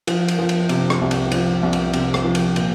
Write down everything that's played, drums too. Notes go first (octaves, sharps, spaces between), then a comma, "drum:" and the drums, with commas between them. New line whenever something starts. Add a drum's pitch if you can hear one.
F3, drum: cymbal
drum: cymbal
F3
drum: cymbal
C3, drum: cymbal
drum: rim click
C2
drum: cymbal
F3, drum: cymbal
C2
drum: cymbal
C3, drum: cymbal
drum: rim click
F3
drum: cymbal
A#2, drum: cymbal